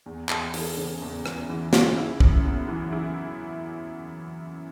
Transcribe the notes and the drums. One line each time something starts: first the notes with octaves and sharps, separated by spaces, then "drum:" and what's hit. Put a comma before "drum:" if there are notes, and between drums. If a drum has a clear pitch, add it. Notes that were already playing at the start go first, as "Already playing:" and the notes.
E2
E2, drum: clap
E3, drum: open hi-hat
C#3
E2
E2, drum: rim click
E3
C#3, drum: snare
E4
F#2, drum: kick
B3
E3
E4